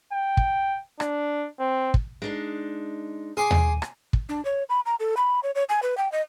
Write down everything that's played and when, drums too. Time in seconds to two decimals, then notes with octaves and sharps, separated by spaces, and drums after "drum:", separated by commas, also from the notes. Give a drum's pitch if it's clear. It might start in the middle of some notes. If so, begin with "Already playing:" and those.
0.13 G5
0.37 drum: kick
1.00 D4, drum: rim click
1.60 C4
1.94 drum: kick
2.22 G#3 D4 D#4
3.37 G#4 G#5 C6 D6
3.51 drum: tom D#2
3.82 drum: rim click
4.13 drum: kick
4.29 D4
4.45 C#5
4.69 B5
4.86 A#5
5.00 A4
5.17 B5
5.43 C#5
5.55 C#5
5.69 G#5
5.82 B4
5.97 G5
6.12 D#5